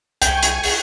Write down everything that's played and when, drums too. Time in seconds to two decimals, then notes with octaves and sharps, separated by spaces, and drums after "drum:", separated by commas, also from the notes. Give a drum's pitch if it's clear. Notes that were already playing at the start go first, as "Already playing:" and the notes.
0.22 C2 G5 G#5 C#6 G#6, drum: hi-hat
0.43 drum: hi-hat
0.63 drum: open hi-hat